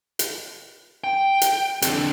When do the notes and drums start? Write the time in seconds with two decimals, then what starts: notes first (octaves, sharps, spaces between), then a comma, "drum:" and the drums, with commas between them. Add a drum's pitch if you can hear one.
0.19 drum: hi-hat
1.04 G5
1.41 drum: hi-hat
1.82 F2 D3, drum: hi-hat